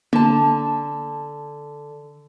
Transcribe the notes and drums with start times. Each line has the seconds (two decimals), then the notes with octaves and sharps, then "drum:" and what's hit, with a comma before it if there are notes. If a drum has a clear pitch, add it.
0.13 D3 A5, drum: tom A#3